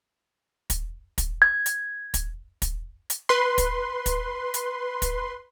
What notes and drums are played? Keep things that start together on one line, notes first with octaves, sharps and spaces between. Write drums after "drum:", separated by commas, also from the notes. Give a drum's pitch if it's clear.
drum: kick, hi-hat
drum: kick, hi-hat
G#6
drum: hi-hat
drum: kick, hi-hat
drum: kick, hi-hat
drum: hi-hat
B4 C6
drum: kick, hi-hat
drum: kick, hi-hat
drum: hi-hat
drum: kick, hi-hat